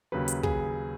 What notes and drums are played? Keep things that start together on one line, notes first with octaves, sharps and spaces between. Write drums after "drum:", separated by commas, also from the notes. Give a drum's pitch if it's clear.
D#2 C#3 F#3 B4
drum: hi-hat
G#4, drum: kick